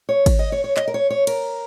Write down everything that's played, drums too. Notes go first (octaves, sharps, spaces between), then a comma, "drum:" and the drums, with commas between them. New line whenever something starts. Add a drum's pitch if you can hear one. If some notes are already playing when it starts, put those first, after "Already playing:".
C#5
drum: kick G#1, cymbal
D#5
C#5
C#5
D#5, drum: clap
A#4
C#5
C#5
A#4, drum: cymbal